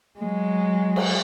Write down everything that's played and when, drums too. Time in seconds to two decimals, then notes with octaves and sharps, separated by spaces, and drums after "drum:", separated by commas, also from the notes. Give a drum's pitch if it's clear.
0.19 F#3 G#3
0.96 drum: cymbal